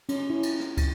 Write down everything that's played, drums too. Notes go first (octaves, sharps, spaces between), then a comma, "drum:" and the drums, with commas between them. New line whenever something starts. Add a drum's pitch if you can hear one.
C#4, drum: cymbal
E4
drum: cymbal
drum: rim click
drum: kick, cymbal